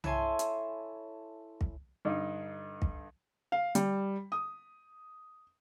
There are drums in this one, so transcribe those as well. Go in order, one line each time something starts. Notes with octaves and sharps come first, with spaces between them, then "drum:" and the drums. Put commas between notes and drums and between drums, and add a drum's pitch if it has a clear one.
E4 A4 C#5 G#5 A5 C6, drum: tom B1
drum: hi-hat
drum: kick
G2 D3 D#4
drum: kick
F5
G3, drum: hi-hat
D#6